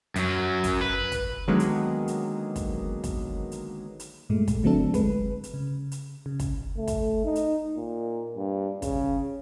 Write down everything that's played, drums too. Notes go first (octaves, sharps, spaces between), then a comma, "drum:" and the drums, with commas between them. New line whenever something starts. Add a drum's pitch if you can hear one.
F#2 F#3, drum: hi-hat
drum: kick, hi-hat
B4
drum: kick, hi-hat
D3 D#3 F#3 G#3 A#3 B3
drum: hi-hat
drum: hi-hat
drum: kick, hi-hat
drum: kick, hi-hat
drum: hi-hat
drum: hi-hat
G2 A#2 G#3 A3
drum: kick, hi-hat
D3 F#3 A3 C4 D4 A4
G#3 B4, drum: kick, hi-hat
drum: hi-hat
C#3
drum: hi-hat
C#3
drum: kick, hi-hat
A3
drum: kick, hi-hat
D#4
drum: hi-hat
A#2
G2
C#3, drum: kick, hi-hat